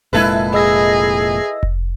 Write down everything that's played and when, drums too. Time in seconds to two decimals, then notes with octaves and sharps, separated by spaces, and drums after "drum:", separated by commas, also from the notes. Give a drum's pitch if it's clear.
0.13 F1 A#2 G#3 E4 A4 B4
0.54 G#4 D#5 E6 A#6
1.63 drum: kick F1